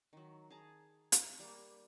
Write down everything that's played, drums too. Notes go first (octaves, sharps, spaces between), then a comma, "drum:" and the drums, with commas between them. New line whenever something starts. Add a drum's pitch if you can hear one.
D#3 F#3
G#4 A5 A#5
drum: hi-hat
G3 A#3